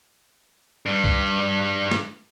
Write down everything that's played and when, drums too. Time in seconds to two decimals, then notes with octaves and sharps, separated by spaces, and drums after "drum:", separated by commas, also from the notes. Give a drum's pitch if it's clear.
0.86 G2 G3
1.04 drum: kick C2
1.91 drum: snare